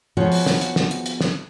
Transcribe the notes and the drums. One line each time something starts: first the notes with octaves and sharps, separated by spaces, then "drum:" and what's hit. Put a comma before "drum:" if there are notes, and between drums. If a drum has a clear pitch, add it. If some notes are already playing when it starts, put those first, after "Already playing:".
F3 B3 F#4 G#4 C#5
drum: open hi-hat
drum: snare
drum: hi-hat
drum: snare
drum: hi-hat
drum: hi-hat
drum: snare